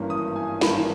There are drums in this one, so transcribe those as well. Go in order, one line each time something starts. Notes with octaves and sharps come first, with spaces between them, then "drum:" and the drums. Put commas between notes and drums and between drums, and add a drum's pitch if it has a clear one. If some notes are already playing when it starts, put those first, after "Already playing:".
Already playing: G#1 G2 E3 A#3 C#4
D#6
G#5
G#1 G2 E3 A#3 C#4 B5, drum: snare